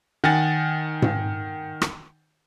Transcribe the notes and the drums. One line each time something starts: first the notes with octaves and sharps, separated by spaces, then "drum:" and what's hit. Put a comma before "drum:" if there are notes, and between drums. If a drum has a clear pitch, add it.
D#3 F#5 G#5 A6
drum: tom G#2
drum: rim click